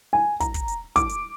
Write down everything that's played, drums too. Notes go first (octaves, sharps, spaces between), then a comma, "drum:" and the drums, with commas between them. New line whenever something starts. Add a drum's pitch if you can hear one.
G#5
A#5, drum: kick, hi-hat
drum: kick, hi-hat
drum: hi-hat
D6, drum: kick, hi-hat
drum: hi-hat